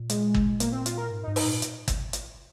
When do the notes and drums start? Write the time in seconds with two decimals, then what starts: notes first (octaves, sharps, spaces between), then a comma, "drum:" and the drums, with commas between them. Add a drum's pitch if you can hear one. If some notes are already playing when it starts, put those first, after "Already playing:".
Already playing: A#2
0.10 G#3, drum: hi-hat
0.34 drum: kick
0.60 A#3, drum: hi-hat
0.72 C4
0.86 F4, drum: hi-hat
0.98 A#4
1.11 G#2
1.23 D#4
1.28 G#2
1.36 D#4, drum: open hi-hat
1.45 A#2
1.62 drum: hi-hat
1.88 drum: kick, hi-hat
2.13 drum: hi-hat